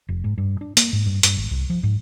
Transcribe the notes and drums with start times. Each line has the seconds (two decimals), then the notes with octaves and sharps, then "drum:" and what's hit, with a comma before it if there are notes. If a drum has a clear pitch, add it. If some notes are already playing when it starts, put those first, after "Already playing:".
0.09 F1
0.24 G#2
0.38 G2
0.61 D4
0.77 A#3, drum: hi-hat
0.93 G#2
1.06 G2
1.23 G2, drum: hi-hat
1.37 G#1
1.51 C2
1.70 F3
1.83 G#2